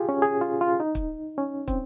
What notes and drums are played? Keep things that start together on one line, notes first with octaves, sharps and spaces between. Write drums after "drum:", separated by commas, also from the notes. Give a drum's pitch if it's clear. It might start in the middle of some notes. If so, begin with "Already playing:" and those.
Already playing: F4 G4 G#4
C#4
G#4
F4
F4
D#4
drum: kick
C#4
C4, drum: kick